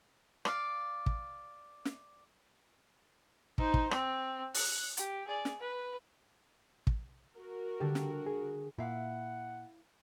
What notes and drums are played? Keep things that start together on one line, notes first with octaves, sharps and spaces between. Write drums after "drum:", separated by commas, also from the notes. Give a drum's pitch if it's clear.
D5 F5, drum: rim click
drum: kick
drum: snare
D#4 C5, drum: kick
drum: kick
C4, drum: rim click
F#6, drum: open hi-hat
G4, drum: hi-hat
G#4 D5
drum: snare
B4
drum: kick
F#4 A#4
D3 G3 G4 A4
drum: snare
G#4
A#2 E4 F5 F#5